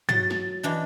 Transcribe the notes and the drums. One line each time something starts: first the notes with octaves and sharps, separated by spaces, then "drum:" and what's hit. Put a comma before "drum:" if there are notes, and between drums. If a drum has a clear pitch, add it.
F#3 A6, drum: tom
drum: snare
E3 D4 D#4